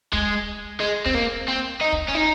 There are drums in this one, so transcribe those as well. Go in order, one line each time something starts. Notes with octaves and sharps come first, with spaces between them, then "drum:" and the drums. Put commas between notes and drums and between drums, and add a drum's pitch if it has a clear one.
G#3, drum: kick
G#3
C4, drum: kick
A#3
C4
D#4
drum: kick
C#4
D#4